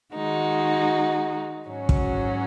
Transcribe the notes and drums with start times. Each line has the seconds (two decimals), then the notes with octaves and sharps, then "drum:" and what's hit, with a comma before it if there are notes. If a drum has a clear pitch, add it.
0.15 D#3 G#3 D#4 F#4
1.69 G#2 F#3 C#4 F#4
1.89 drum: kick